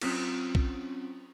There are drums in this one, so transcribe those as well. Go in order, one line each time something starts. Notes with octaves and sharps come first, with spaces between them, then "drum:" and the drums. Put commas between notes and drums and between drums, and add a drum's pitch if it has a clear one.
F#3 C4 C#4 F4, drum: cymbal
drum: kick B1